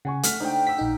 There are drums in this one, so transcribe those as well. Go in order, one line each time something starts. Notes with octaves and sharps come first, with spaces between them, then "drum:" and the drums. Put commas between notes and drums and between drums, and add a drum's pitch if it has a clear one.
C#3 F#5 G#5 C#6
A3 F#5 F6 B6, drum: hi-hat
A3 D4 D#4 C5 G5
F#5 E6 B6
A#1 D#4